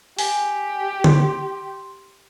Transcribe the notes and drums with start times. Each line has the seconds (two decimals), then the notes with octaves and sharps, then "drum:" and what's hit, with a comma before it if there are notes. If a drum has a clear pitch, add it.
0.19 G4 G#5, drum: open hi-hat
1.04 C6, drum: tom D3